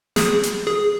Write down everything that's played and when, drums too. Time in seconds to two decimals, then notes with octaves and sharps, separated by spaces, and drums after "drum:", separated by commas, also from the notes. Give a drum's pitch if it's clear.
0.16 G#4, drum: snare
0.43 drum: hi-hat
0.67 G#4